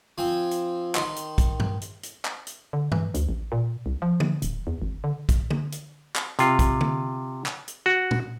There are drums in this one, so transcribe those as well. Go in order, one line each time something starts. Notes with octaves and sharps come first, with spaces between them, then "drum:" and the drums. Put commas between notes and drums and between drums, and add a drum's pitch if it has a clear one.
F3 C4 G#5
drum: hi-hat
D#3 C6, drum: clap
drum: hi-hat
drum: kick, hi-hat
drum: tom G2
drum: hi-hat
drum: hi-hat
drum: clap
drum: hi-hat
D3
E3, drum: tom G2
D2, drum: hi-hat
A1
A#2
C2
F3
drum: tom D3
D1, drum: hi-hat
E2
G#1
D3
drum: kick, hi-hat
drum: tom D3
drum: hi-hat
drum: clap
C3 F4, drum: hi-hat
drum: kick, hi-hat
drum: tom D3
drum: clap
drum: hi-hat
F#4
drum: tom